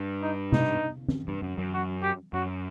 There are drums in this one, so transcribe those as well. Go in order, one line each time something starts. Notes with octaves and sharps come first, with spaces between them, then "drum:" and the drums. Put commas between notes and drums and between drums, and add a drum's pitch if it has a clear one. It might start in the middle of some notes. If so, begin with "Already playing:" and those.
Already playing: G2
D#4
D#4, drum: tom C3
drum: tom E3
G2
F#2
F#2
F#4
G4
F#2 F#4